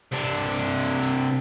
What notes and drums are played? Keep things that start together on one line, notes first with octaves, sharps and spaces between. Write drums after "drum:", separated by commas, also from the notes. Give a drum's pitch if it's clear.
C3 D4, drum: hi-hat
drum: hi-hat
drum: open hi-hat
drum: hi-hat
drum: hi-hat